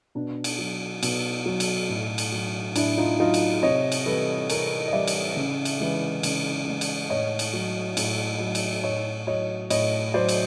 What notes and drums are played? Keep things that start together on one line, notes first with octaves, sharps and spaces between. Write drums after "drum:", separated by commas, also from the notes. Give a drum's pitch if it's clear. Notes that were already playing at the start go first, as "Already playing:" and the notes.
B2 D4
drum: cymbal
F#3
B2, drum: cymbal
F#3
drum: cymbal
A2
drum: cymbal
F#3
A2 D4 E4, drum: cymbal
D#4 F4
F#3 D#4 F4
drum: cymbal
C3 C#5 D#5
drum: cymbal
E3 G3 A4 B4
C3 G#4 A#4, drum: cymbal
D#5
E3 G3 D5 E5
drum: cymbal
C#3
drum: cymbal
E3 G#3
C#3, drum: cymbal
E3 G#3
drum: cymbal
A2 C#5 D#5
drum: cymbal
F#3
A2, drum: cymbal
F#3
drum: cymbal
A2 C#5 D#5
F#3 C#5 D#5
A2 C#5 D#5, drum: cymbal
F#3 C5 D5
drum: cymbal